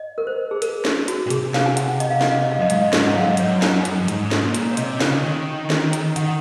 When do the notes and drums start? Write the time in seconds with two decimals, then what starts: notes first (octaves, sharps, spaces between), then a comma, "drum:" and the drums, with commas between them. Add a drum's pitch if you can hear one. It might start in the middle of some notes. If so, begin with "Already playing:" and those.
Already playing: D#5
0.18 A#4
0.27 C5
0.51 G#4
0.62 A#4, drum: hi-hat
0.85 drum: snare
1.08 F#4, drum: hi-hat
1.26 A#2
1.30 C3 G#4, drum: hi-hat
1.54 F5, drum: snare
1.66 G#5
1.77 F#5, drum: hi-hat
2.00 D#5, drum: hi-hat
2.10 F5
2.21 D#5, drum: snare
2.31 F5
2.41 D#5
2.50 F5
2.58 F#2 D#5
2.70 G#2 F5, drum: hi-hat
2.82 D#5
2.93 G#2, drum: snare
3.07 F#5
3.15 F#2 F5
3.26 G#2 D#5
3.37 F#2 C#5, drum: hi-hat
3.62 drum: snare
3.85 drum: hi-hat
4.01 F#2
4.08 G#2, drum: hi-hat
4.31 drum: snare
4.43 A#2
4.54 drum: hi-hat
4.71 C#5
4.77 C3 D#5, drum: hi-hat
5.00 C#3, drum: snare
5.24 D#3
5.70 drum: snare
5.93 drum: hi-hat
6.16 D#3 F#5, drum: hi-hat